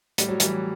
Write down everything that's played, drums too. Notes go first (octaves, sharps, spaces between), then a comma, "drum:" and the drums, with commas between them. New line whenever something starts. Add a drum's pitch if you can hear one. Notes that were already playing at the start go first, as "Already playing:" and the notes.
A2 G3, drum: hi-hat
F#3
E3 G3, drum: hi-hat